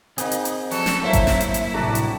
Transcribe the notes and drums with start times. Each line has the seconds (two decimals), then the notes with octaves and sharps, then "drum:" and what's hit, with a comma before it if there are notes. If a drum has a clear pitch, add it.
0.18 A#3 C4 D#4 G#4, drum: hi-hat
0.32 drum: hi-hat
0.45 drum: hi-hat
0.71 F3 A4, drum: open hi-hat
0.86 drum: snare
1.04 F#3 A#3 E4 C5 E5
1.13 drum: kick G#1, hi-hat
1.27 drum: snare
1.41 drum: hi-hat
1.54 drum: hi-hat
1.74 C2 A2 D4 F#4 A4 A5 A#5
1.95 drum: hi-hat